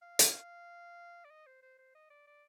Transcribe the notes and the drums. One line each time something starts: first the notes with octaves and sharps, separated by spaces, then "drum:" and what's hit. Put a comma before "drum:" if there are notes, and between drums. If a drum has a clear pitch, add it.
F5
drum: hi-hat
D5
D#5
C5
C5
C5
D#5
D5
D5